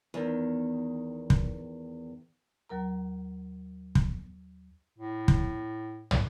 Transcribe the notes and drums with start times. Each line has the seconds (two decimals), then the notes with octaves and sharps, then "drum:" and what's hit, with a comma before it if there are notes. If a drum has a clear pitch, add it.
0.14 E2 D#3
1.30 drum: kick
2.69 D#2 F#3 A#4 A#5
3.95 drum: kick
4.98 A2
5.28 drum: kick
6.11 drum: tom